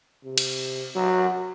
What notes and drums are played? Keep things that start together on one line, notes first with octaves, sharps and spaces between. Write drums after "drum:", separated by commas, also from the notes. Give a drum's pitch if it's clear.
C3
drum: cymbal
F#3